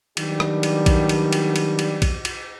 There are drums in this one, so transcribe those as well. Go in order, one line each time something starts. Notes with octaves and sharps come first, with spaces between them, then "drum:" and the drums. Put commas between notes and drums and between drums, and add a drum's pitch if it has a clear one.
D#3 F#3 G3 B3 D4 G4, drum: cymbal
drum: rim click
drum: cymbal
drum: kick, cymbal
drum: cymbal
drum: cymbal
drum: cymbal
drum: cymbal
drum: kick, cymbal
drum: cymbal